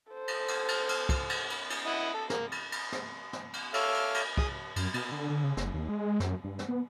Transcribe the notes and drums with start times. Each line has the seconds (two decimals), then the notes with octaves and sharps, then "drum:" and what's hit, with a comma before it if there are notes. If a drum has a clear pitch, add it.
0.12 A4 C5
0.28 drum: cymbal
0.48 drum: cymbal
0.68 drum: cymbal
0.89 drum: cymbal
1.09 drum: kick, cymbal
1.29 drum: cymbal
1.50 drum: cymbal
1.70 drum: cymbal
1.86 E4 D#5 F#5
2.14 A4
2.30 A#3, drum: snare
2.52 drum: cymbal
2.72 drum: cymbal
2.92 drum: snare
3.33 drum: snare
3.53 drum: cymbal
3.74 A4 C#5 E5 F5 D6 F6, drum: cymbal
3.94 drum: cymbal
4.14 drum: cymbal
4.37 G#4 D#6, drum: kick
4.76 F#2, drum: cymbal
4.94 B2, drum: cymbal
5.12 D3
5.30 D3
5.44 C#3
5.57 F#1, drum: snare
5.74 D#2
5.89 G#3
6.20 F#2, drum: snare
6.44 G2
6.59 drum: snare
6.68 B3